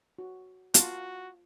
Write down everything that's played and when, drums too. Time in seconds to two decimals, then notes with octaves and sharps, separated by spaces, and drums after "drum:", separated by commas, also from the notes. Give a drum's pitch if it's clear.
0.19 F#4
0.74 F4 F#4 F5 A5, drum: hi-hat